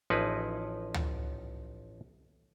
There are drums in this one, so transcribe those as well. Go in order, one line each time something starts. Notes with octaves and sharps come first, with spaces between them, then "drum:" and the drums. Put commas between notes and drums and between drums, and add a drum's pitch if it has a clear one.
A1 F3 D#4 E4 G#4 B4
drum: tom C#2